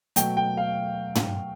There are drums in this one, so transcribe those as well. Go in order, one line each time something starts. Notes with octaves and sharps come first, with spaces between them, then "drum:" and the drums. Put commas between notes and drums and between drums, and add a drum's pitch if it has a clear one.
B2 F#3 A3 G5, drum: hi-hat
G5
F5
drum: tom